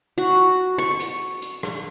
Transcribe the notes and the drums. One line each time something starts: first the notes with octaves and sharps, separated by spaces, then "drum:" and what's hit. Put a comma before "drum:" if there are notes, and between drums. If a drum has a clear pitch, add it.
F#4
C#6
drum: hi-hat
drum: hi-hat
drum: rim click